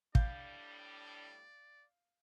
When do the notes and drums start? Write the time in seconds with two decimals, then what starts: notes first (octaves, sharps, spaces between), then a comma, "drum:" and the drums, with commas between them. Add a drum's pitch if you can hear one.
0.15 A2 G3 D4 D5 F5 G6, drum: kick